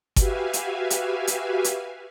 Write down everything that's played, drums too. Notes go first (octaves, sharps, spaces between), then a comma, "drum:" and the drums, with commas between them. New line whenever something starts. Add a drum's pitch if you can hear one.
F#4 G4 B4 E5 F5 G#5, drum: kick G1, hi-hat
drum: hi-hat
drum: hi-hat
drum: hi-hat
drum: hi-hat